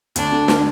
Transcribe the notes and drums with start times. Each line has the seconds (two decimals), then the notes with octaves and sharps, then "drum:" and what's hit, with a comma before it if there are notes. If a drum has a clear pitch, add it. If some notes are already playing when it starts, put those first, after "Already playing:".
0.16 D2 D4, drum: hi-hat
0.32 D3
0.48 drum: snare